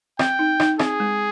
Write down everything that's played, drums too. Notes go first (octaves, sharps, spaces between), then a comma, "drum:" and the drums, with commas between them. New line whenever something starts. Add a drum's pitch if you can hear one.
C4 G5, drum: rim click
D#4
D#4, drum: rim click
C4 G#4, drum: rim click
G#3